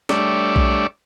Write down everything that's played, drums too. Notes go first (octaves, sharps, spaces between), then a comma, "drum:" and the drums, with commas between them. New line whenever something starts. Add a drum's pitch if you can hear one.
G3 A3 D4 C#5 D5 E5, drum: snare
drum: kick B1